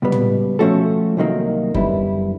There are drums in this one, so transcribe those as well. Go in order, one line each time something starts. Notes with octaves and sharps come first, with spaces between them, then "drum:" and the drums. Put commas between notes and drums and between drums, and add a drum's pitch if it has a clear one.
C#2 B2 G3 B3
drum: tom
F3 A3 C#4 F#4 A4
C2 C3 D#3 F#3 A#3
F#2 D3 G3 B3 E4, drum: kick F#1